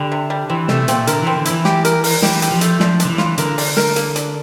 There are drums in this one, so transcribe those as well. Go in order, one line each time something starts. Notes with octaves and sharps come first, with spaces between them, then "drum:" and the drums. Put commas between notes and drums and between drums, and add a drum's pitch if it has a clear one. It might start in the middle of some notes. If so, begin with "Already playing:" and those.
Already playing: D3 G3
C3
G3
E3 C4
C3 A3, drum: snare
A#2 C4, drum: hi-hat
D3 A#4, drum: hi-hat
E3 C4
D3
E4, drum: hi-hat
E3
G4, drum: snare
A#4, drum: hi-hat
A#4, drum: open hi-hat
E3 G4, drum: snare
G4, drum: hi-hat
F3
A3, drum: hi-hat
F3 D4, drum: snare
D4, drum: hi-hat
D3
E3
F4, drum: snare
D3 A#4, drum: hi-hat
D4, drum: open hi-hat
A#4, drum: snare
A#3, drum: hi-hat
D4, drum: hi-hat